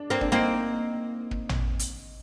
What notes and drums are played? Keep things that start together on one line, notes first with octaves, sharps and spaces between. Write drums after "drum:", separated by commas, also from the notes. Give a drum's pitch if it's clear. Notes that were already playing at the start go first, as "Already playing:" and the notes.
Already playing: D4
A#3 C4
D4, drum: kick
A#3 C4 D#4
drum: kick
drum: tom A1
drum: hi-hat